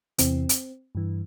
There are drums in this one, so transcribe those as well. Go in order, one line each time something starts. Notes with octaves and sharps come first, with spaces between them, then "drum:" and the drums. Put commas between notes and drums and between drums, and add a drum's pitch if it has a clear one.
E2 C3 E3 C4, drum: hi-hat
drum: hi-hat
G2 E3